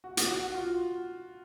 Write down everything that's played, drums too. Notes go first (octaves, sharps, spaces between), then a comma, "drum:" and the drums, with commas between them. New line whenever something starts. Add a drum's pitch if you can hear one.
F#4
F#4, drum: hi-hat
F#4
F#4
F4